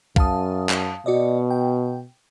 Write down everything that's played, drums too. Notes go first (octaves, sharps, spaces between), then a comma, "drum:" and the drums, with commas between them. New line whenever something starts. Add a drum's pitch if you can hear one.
F#2 F5 A5 D#6, drum: kick
drum: clap
B2 F#4 D5 D#5
G5